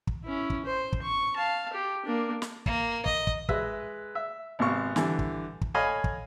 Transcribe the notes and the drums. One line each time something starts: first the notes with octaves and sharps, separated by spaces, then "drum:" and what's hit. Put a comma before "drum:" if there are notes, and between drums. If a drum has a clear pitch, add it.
drum: kick
C#4 E4
drum: kick
C5
drum: kick
C#6
F5 A5
G4
A#3 D4
drum: snare
A#3, drum: kick
D#5, drum: kick
drum: kick
G#3 B4 E5, drum: kick
E5
G#1 C3 B3 F5 C#6
D3 E3 G3, drum: snare
drum: kick
drum: kick
A4 C#5 D#5 F5 G#5 B5
drum: kick